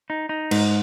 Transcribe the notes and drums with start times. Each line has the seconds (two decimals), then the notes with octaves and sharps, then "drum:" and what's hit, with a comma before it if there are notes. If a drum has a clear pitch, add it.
0.10 D#4
0.29 D#4
0.51 G#2, drum: cymbal